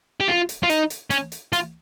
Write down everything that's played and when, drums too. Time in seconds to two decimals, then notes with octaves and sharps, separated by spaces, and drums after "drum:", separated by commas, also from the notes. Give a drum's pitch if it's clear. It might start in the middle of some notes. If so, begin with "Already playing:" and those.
0.20 G4
0.28 F4, drum: snare
0.49 drum: hi-hat
0.63 F4
0.70 D#4, drum: hi-hat
0.90 drum: hi-hat
1.10 C#4, drum: hi-hat
1.32 drum: hi-hat
1.53 F4, drum: hi-hat